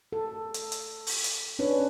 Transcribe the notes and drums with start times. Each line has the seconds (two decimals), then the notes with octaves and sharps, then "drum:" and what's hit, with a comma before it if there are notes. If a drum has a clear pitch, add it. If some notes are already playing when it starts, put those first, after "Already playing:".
0.12 A4
0.54 drum: hi-hat
0.72 drum: hi-hat
1.07 drum: open hi-hat
1.24 drum: hi-hat
1.59 C#4 D4 B4 C#5